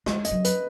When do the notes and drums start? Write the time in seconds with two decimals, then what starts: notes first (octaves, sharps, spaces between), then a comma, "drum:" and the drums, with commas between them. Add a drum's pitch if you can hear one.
0.06 G#3 D#5, drum: rim click
0.25 D#5, drum: hi-hat
0.31 F#3
0.45 B4, drum: hi-hat